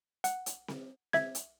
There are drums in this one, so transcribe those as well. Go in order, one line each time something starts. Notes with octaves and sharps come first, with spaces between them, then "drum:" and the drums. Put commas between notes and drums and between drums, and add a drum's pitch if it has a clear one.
F#5, drum: hi-hat
drum: hi-hat
drum: snare C4
E5 G#6, drum: snare C4
drum: hi-hat